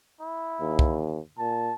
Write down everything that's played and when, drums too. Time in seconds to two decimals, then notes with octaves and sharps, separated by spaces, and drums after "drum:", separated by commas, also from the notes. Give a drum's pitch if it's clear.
0.21 E4
0.61 D#2
0.79 drum: kick
1.39 A#2 A5